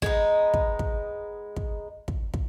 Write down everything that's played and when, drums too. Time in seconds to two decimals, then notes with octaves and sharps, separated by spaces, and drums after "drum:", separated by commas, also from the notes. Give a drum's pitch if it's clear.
0.02 G#3 B3 D#4, drum: kick
0.54 drum: kick
0.79 drum: kick
1.56 drum: kick
2.08 drum: kick
2.34 drum: kick